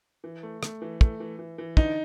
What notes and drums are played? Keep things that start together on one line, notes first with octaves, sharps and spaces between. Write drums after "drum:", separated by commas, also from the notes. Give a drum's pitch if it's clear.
E3
A3
A3, drum: rim click
E3
A3, drum: kick
E3
E3
E3
D3 D#4, drum: kick